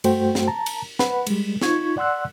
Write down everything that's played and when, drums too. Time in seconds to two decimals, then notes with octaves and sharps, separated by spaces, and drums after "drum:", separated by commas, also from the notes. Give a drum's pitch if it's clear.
0.04 G2 A3 F#4 C5 G5, drum: cymbal
0.35 drum: snare
0.48 A5 A#5
0.66 drum: cymbal
0.99 B4 F#5 B5, drum: snare
1.27 G3 G#3, drum: cymbal
1.61 D#4 F4 C#6 G#6, drum: snare
1.97 D5 F#5 C6 E6 F#6